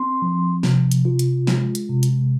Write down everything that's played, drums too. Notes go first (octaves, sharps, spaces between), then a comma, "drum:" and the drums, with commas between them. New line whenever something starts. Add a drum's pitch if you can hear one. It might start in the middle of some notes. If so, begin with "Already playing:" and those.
Already playing: C4 C6
F3
C3, drum: snare
drum: hi-hat
F4
drum: hi-hat
G#3, drum: snare
drum: hi-hat
C3
drum: hi-hat